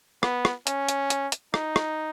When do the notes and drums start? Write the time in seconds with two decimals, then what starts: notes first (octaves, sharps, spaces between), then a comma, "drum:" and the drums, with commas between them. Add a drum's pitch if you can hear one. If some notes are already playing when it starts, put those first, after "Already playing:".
0.23 B3, drum: rim click
0.45 drum: rim click
0.67 C#4, drum: hi-hat
0.89 drum: hi-hat
1.10 drum: hi-hat
1.32 drum: hi-hat
1.54 D#4, drum: rim click
1.76 drum: rim click